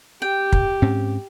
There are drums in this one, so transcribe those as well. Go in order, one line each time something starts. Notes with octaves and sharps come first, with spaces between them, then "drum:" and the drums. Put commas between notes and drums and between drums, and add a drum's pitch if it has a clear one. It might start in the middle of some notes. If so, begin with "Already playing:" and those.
G4 G5
drum: kick
G#2 C4 C#4